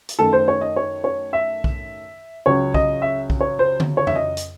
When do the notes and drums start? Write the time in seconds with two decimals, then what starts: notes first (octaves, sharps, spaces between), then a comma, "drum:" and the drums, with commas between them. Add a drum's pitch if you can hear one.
0.09 drum: hi-hat
0.19 F#2 D#3 A3 A4
0.33 C5
0.48 C#5
0.61 D#5
0.76 C#5
1.04 C#5
1.33 E5
1.64 drum: kick B1
2.46 C#2 C#3 F#3 C#5
2.74 D#5, drum: kick B1
3.02 E5
3.30 drum: kick B1
3.41 C#5
3.59 C5
3.80 drum: tom D3
3.97 C#5
4.07 E5, drum: tom F2
4.15 D#5
4.37 drum: hi-hat